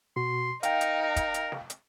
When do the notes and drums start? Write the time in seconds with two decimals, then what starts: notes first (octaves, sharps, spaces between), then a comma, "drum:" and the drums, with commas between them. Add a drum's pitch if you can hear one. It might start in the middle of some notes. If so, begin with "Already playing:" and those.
0.16 B2 F#4 C6
0.63 D#4 A#4 F5 G5, drum: hi-hat
0.81 drum: hi-hat
1.02 A#4
1.16 drum: kick, hi-hat
1.34 drum: hi-hat
1.52 drum: snare
1.70 drum: hi-hat